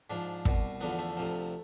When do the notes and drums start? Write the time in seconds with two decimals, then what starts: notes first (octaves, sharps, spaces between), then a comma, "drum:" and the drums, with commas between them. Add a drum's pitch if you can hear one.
0.10 G#2 F3 D4
0.45 C2 B2, drum: kick
0.81 E2 D3 F3 B3
0.99 A3
1.17 D2 C3 F3